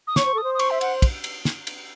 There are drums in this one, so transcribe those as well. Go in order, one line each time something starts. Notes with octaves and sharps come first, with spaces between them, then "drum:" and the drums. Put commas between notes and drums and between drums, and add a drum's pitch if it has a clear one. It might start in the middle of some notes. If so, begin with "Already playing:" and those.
D#6
C#5 C#6, drum: snare
C5
A4 D#6
C5
D#6
C#6, drum: cymbal
E5
F#5, drum: cymbal
drum: kick, cymbal
drum: cymbal
drum: snare
drum: cymbal